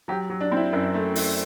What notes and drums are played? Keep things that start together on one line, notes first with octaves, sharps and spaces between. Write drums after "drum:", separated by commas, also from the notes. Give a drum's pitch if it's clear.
F#3 G4
F#3
D4
C4
E4
F#2
A3
A3, drum: open hi-hat